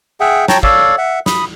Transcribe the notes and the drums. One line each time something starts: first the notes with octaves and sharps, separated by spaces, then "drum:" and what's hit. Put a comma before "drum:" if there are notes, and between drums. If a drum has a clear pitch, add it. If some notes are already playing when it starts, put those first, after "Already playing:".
G#4 E5 F#5 G5
C#5 G5 A5 A#5, drum: snare
A4 C#5 D5 F5, drum: kick
E5 F#5
B5 D#6, drum: snare